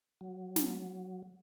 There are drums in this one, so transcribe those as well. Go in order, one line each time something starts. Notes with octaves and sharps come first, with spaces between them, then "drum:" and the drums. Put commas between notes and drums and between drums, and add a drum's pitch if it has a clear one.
F#3
drum: snare